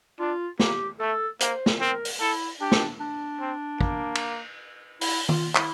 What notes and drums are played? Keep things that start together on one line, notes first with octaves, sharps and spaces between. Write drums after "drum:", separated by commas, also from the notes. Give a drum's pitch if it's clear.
D4 F4
A#3 G4, drum: snare
A3 A4
A#3 C5, drum: hi-hat
drum: snare
C4 A#4
drum: open hi-hat
E4 A4
D4 G4
drum: snare
D4
C4
A#3, drum: kick
drum: cymbal
E4, drum: open hi-hat
F4, drum: tom D#3
E4, drum: clap